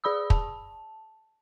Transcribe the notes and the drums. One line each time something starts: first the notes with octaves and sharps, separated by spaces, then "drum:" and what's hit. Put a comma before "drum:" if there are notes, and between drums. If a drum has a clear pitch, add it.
G#4 D5 B5 D#6 E6
A5, drum: kick